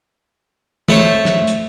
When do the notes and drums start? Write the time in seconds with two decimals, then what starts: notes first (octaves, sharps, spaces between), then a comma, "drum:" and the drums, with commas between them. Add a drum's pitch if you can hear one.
0.89 A3 A4 C5 C#5 C#6, drum: tom E3
1.25 drum: snare
1.47 drum: hi-hat